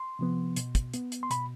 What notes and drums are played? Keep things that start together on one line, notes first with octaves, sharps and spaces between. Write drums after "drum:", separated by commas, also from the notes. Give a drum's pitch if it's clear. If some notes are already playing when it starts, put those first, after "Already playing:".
Already playing: C6
C3 F3 B3
B2, drum: hi-hat
drum: kick, hi-hat
B3, drum: hi-hat
drum: hi-hat
C6
B2 B5, drum: hi-hat